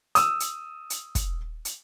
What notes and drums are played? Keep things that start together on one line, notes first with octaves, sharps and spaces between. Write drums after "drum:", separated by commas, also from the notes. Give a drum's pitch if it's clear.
D#6 E6, drum: hi-hat
drum: hi-hat
drum: hi-hat
drum: kick, hi-hat
drum: hi-hat